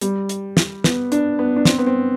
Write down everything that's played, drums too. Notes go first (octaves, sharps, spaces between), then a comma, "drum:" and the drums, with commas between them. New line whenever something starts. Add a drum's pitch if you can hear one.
G3, drum: hi-hat
drum: hi-hat
drum: snare
B3, drum: snare
D4, drum: hi-hat
B3
D4
C4, drum: snare
B3
C4